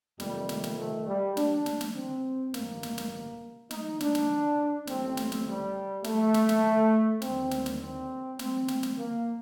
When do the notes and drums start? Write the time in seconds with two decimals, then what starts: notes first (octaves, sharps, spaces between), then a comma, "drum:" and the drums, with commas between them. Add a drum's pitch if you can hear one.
0.20 F2 C3 D#3 G3, drum: snare
0.49 drum: snare
0.64 drum: snare
0.78 A3
1.07 G3
1.37 D4, drum: snare
1.66 drum: snare
1.81 drum: snare
1.95 C4
2.54 A1 G2 D#3 A#3, drum: snare
2.83 drum: snare
2.98 drum: snare
3.71 D#4, drum: snare
4.00 D4, drum: snare
4.15 drum: snare
4.87 A1 A2 C4, drum: snare
5.17 drum: snare
5.32 drum: snare
5.47 G3
6.04 A3, drum: snare
6.34 drum: snare
6.49 drum: snare
7.22 D#2 D3 C4, drum: snare
7.51 drum: snare
7.66 drum: snare
7.80 C4
8.39 C4, drum: snare
8.68 drum: snare
8.83 drum: snare
8.98 A#3